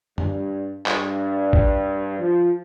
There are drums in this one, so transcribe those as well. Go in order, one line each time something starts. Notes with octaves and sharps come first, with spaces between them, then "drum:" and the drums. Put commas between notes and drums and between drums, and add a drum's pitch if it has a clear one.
G2, drum: tom
G2, drum: clap
drum: kick
F3